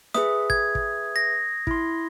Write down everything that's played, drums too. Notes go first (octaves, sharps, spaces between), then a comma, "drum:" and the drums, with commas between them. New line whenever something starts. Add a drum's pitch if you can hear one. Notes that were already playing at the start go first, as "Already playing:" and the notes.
G#4 B4 E5 D#6, drum: snare
G#6, drum: kick
drum: kick
A#6
E4 C6, drum: kick